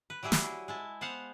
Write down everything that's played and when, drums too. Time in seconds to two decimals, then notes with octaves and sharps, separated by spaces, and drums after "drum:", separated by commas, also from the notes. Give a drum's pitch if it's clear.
0.10 B4
0.23 F#3 G3 E4 G#4 B4
0.32 drum: snare
0.68 G#3 E4 A5
1.01 B3 C5 F5 F#5